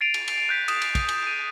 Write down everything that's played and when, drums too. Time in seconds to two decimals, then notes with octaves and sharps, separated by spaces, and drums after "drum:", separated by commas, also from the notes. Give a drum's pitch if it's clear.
0.01 A6 C7 D7 D#7 F7
0.14 drum: cymbal
0.28 drum: cymbal
0.49 F#6 G6 B6
0.68 D#6 E7, drum: cymbal
0.82 drum: cymbal
0.95 drum: kick, cymbal
1.09 drum: cymbal
1.27 D#7